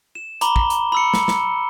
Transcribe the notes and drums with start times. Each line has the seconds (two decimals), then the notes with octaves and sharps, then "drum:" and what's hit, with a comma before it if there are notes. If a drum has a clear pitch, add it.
0.15 E7
0.41 A#5 B5 D6 G7, drum: hi-hat
0.56 drum: kick
0.70 drum: hi-hat
0.92 B5 E6 C#7
1.14 drum: snare
1.28 drum: snare